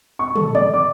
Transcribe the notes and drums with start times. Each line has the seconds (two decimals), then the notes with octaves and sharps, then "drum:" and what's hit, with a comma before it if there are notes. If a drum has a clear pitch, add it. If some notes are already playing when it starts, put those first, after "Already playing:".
0.19 C#6
0.35 A4, drum: tom
0.55 D5, drum: tom
0.74 D6